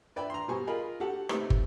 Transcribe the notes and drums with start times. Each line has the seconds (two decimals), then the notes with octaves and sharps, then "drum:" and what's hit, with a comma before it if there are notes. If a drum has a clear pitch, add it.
0.16 B4 D5 E5 G5 B5
0.30 A#5 C6
0.48 B2 G3 B3 C5 G#5 C#6
0.67 F4 G#4 A#4 D#5 B5
1.00 F#4 G4 A4 F#5
1.29 A3 C4 D#4 G4 B4, drum: rim click
1.50 drum: kick